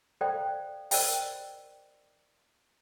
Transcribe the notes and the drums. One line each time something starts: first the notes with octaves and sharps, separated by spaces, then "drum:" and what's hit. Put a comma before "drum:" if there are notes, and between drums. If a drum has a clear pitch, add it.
A4 C5 D5 F5 G5
A#4 C5 D5 D#5 G5, drum: open hi-hat